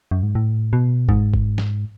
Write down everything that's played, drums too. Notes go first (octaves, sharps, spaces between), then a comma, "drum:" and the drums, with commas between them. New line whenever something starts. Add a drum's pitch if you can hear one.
F#2
G#2
A2
B2
G#2, drum: kick F#1
drum: kick F#1
drum: snare